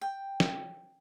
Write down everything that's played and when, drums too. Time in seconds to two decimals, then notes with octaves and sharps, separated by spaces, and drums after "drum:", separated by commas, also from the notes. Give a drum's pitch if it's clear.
0.01 G5
0.40 drum: snare